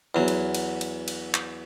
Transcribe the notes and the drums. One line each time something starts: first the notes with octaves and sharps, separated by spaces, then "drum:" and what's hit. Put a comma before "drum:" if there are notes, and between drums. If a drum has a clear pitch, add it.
E2 F#3
drum: cymbal
drum: cymbal
drum: cymbal
drum: cymbal
drum: clap